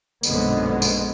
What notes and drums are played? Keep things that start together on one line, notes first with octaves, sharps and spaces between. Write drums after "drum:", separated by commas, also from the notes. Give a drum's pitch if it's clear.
A#1 F#2 B2 D3 G#3 B3, drum: tambourine
drum: tambourine